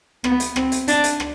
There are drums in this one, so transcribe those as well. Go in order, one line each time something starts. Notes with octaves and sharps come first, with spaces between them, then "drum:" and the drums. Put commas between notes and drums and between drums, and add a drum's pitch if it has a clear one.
B3, drum: rim click
drum: hi-hat
C4, drum: rim click
drum: hi-hat
D4, drum: hi-hat
drum: hi-hat
drum: rim click